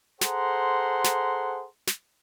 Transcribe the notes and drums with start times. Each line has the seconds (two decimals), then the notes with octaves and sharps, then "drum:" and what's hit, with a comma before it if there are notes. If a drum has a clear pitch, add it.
0.21 G#4 A4 C5 F#5 A#5 C6, drum: snare
1.04 drum: snare
1.87 drum: snare